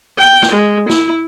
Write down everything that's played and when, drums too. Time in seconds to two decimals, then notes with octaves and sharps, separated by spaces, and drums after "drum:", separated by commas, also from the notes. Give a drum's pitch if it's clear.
0.18 G5
0.42 drum: snare
0.53 G#3
0.89 E4, drum: snare